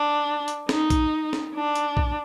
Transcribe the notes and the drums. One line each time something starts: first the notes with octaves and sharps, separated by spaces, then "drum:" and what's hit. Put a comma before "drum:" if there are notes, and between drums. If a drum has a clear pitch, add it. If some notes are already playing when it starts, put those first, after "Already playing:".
Already playing: D4
drum: hi-hat
D#4, drum: snare
drum: kick A#1, hi-hat
drum: snare
D4
drum: hi-hat
drum: kick A#1